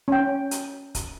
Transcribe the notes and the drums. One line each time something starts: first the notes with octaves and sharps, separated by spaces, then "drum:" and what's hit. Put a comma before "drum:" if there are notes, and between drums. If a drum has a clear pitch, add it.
C#4 G5
drum: hi-hat
drum: kick, hi-hat